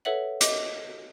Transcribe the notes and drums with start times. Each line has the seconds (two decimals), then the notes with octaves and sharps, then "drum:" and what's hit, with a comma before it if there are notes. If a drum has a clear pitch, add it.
0.05 A4 B4 C#5 E5 F#5 F#7
0.41 D#5 D6, drum: hi-hat